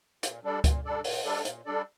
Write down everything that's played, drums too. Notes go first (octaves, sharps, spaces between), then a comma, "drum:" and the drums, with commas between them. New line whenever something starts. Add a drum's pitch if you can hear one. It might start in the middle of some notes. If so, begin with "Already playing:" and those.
A#2, drum: hi-hat
G3 D4 A4 D5
A#2, drum: kick C#2, hi-hat
G3 D4 A4 D5
A#2, drum: open hi-hat
G3 D4 A4 D5
A#2, drum: hi-hat
G3 D4 A4 D5